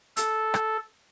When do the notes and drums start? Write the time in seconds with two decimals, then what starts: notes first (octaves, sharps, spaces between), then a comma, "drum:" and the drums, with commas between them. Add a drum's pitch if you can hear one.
0.17 A4, drum: hi-hat
0.54 drum: rim click